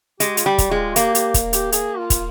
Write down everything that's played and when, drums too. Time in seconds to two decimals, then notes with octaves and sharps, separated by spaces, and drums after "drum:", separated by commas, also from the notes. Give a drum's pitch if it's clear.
0.20 G#3 G4, drum: hi-hat
0.37 F4, drum: hi-hat
0.46 G3 G4
0.58 drum: kick, hi-hat
0.71 G#3 F4
0.96 A#3 G4, drum: hi-hat
1.15 G4, drum: hi-hat
1.34 drum: kick, hi-hat
1.53 G4, drum: hi-hat
1.72 G#4, drum: hi-hat
1.98 F4
2.10 drum: kick, hi-hat